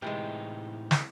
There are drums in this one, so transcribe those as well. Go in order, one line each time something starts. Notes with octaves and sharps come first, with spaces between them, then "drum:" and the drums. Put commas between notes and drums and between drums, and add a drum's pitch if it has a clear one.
A2 C3 E3 G#3 D#4 G5
drum: snare